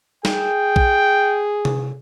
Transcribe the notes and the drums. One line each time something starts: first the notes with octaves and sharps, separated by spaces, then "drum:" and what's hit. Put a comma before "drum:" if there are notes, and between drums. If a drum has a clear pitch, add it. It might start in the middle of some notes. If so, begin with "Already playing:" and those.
G#4 G5, drum: snare
drum: kick A#1
drum: tom C3